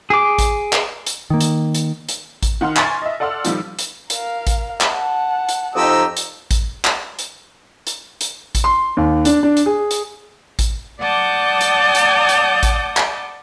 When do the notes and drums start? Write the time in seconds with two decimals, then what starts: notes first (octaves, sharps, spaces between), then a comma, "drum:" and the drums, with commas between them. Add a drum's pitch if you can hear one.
0.10 G#4 D6
0.38 drum: kick A1, hi-hat
0.73 drum: clap
1.07 drum: hi-hat
1.30 D#3 A#3
1.41 drum: hi-hat
1.75 drum: hi-hat
2.09 drum: hi-hat
2.43 drum: kick A1, hi-hat
2.61 D#3 F#5 C6 F6
2.76 G#5 C6 C#6 A6, drum: clap
3.02 D#5 E5
3.20 A4 D5 F#5 C6 E6 F6
3.45 D#3 F3 G3, drum: hi-hat
3.79 drum: hi-hat
4.10 A#4 F5, drum: hi-hat
4.47 drum: kick A1, hi-hat
4.81 drum: clap
4.90 F#5 A5
5.49 drum: hi-hat
5.75 F2 D#4 G4 D#5 E6
6.17 drum: hi-hat
6.51 drum: kick A1, hi-hat
6.85 drum: clap
7.19 drum: hi-hat
7.87 drum: hi-hat
8.21 drum: hi-hat
8.55 drum: kick A1, hi-hat
8.64 C6
8.97 D#2
9.25 D4, drum: hi-hat
9.43 D4
9.57 drum: hi-hat
9.66 G#4
9.91 drum: hi-hat
10.59 drum: kick A1, hi-hat
11.01 D5 F#5 A5 D6 D#6 G6
11.61 drum: hi-hat
11.95 drum: hi-hat
12.29 drum: hi-hat
12.63 drum: kick A1, hi-hat
12.97 drum: clap